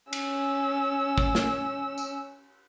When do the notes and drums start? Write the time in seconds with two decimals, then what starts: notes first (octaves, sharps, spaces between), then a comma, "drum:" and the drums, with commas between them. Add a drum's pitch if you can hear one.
0.13 C#4 E6, drum: cymbal
1.18 drum: kick
1.35 drum: snare
1.98 drum: tambourine